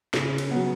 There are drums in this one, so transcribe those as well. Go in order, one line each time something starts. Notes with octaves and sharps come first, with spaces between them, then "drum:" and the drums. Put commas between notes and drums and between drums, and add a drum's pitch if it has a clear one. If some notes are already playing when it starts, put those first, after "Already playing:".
C#3, drum: snare
drum: cymbal
F#3 B3